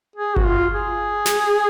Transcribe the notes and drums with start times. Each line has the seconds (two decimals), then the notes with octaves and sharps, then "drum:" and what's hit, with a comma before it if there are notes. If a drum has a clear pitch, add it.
0.16 G#4
0.37 F#4, drum: kick G1
0.45 F4
0.74 G#4
1.26 drum: snare